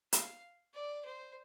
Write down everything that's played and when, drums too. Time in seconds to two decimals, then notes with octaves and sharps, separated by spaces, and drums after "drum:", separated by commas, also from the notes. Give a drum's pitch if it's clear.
0.13 F5, drum: hi-hat
0.74 D5
1.05 C5